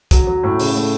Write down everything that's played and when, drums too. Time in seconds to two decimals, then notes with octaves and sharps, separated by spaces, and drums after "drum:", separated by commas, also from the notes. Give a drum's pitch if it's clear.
0.11 F#3, drum: kick, hi-hat
0.27 F#3
0.43 A2
0.60 C#3, drum: open hi-hat
0.75 A3